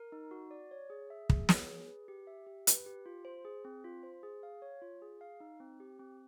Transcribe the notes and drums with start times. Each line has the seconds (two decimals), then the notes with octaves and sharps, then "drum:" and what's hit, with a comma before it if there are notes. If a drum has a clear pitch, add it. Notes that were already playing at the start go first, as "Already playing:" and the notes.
Already playing: A#4
0.12 D#4
0.31 F#4
0.51 D5
0.71 C#5
0.90 G#4
1.10 E5
1.30 G#4, drum: kick
1.49 C#5, drum: snare
1.69 G#4
1.88 B4
2.08 G4
2.27 E5
2.47 G4
2.67 B4, drum: hi-hat
2.86 G4
3.06 F4
3.25 C5
3.45 G#4
3.65 C4
3.84 F4
4.03 C5
4.23 G#4
4.43 F5
4.62 C#5
4.82 F4
5.02 G#4
5.21 F5
5.40 D#4
5.60 C4
5.80 G4
5.99 C4